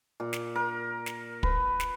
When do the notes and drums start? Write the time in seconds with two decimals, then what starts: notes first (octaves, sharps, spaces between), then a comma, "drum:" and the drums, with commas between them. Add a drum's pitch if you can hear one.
0.20 A#2
0.33 drum: snare
0.55 A#4
1.06 drum: snare
1.43 B4, drum: kick
1.80 drum: snare